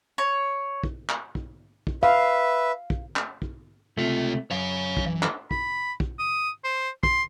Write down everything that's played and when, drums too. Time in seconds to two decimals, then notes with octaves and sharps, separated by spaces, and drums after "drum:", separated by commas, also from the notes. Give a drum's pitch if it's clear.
0.18 C#5
0.83 drum: kick
1.09 drum: clap
1.35 drum: kick
1.87 drum: kick
2.03 B4 E5 F5
2.90 drum: kick
3.16 drum: clap
3.42 drum: kick
3.97 C#2 C3 A3 F4
4.51 F#2 C#5 F5
4.97 drum: kick
5.06 E3
5.23 drum: clap
5.51 B5, drum: kick
6.00 drum: kick
6.19 D#6
6.64 C5
7.03 C6, drum: kick